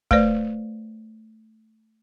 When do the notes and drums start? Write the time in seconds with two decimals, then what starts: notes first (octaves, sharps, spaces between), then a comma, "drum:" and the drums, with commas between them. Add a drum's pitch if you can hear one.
0.11 A3 B4 C5 D5, drum: kick